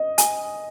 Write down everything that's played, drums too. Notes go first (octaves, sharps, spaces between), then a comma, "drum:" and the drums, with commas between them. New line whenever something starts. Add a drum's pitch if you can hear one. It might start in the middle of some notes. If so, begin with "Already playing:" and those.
Already playing: D#5
G#5, drum: hi-hat